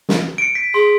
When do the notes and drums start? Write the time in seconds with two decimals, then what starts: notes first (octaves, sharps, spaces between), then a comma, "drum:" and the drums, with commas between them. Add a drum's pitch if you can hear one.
0.09 drum: snare
0.38 C#7 D7
0.55 B6
0.74 G#4 C6